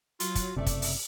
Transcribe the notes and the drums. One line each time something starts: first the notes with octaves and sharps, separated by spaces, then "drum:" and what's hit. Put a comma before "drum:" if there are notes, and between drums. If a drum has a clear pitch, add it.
F#3 F4, drum: hi-hat
drum: kick, hi-hat
F#1 C3 A3 D5 E5
drum: kick, hi-hat
drum: open hi-hat